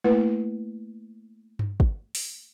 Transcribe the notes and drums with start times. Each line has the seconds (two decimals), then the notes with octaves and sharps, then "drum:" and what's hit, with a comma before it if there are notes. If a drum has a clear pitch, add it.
0.04 A3 A#3 E4 B4
1.59 drum: tom G2
1.80 drum: kick
2.15 drum: open hi-hat